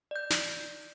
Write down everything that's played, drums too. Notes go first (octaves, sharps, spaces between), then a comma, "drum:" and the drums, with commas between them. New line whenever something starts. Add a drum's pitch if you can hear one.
D5 G6
drum: snare